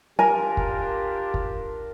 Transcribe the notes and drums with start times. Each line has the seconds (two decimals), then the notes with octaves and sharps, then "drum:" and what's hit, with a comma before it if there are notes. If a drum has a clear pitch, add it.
0.19 D4 F4 G4 A#4 G#5
0.57 drum: kick
1.34 drum: kick